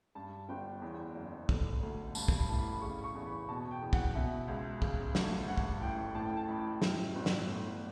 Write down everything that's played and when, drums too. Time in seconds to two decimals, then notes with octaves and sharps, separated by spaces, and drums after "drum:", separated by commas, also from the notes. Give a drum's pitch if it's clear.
0.15 G2 A5
0.49 G1 G5
0.82 E2
1.15 F#1
1.49 D3, drum: kick
1.81 D2
2.15 G2 A5, drum: tambourine
2.28 drum: kick
2.37 B5
2.48 A1 A5
2.59 B5
2.81 C#3 C#6
3.04 C#6
3.15 E2
3.26 B5
3.49 B2 A5
3.71 G5
3.82 E2
3.93 F#5, drum: kick
4.15 B2 E5
4.48 C#2
4.82 C#3, drum: kick
5.15 D2, drum: snare
5.48 G2 F#5
5.57 drum: kick
5.81 A1 G5
6.15 A2 A5
6.26 G5
6.37 A5
6.48 A1 B5
6.82 F#2 G5, drum: snare
7.15 G1
7.26 drum: snare
7.48 A2